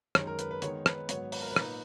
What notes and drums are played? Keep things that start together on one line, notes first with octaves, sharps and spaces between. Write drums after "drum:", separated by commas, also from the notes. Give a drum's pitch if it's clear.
F#2 D#3 G#3 D#4 C#5, drum: rim click
A#4
B4, drum: hi-hat
B4
D#3 G#3 B3 D#4 C#5, drum: hi-hat
B4, drum: rim click
G#2 F#3 B3 C#5, drum: hi-hat
B4, drum: open hi-hat
A#4
B4
A#2 A#3 D#4, drum: rim click